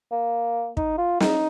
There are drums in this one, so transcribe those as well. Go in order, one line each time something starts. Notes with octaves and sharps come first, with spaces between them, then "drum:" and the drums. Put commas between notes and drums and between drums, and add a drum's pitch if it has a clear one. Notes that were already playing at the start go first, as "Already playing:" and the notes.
A#3
D#4, drum: kick
F4
D#4, drum: snare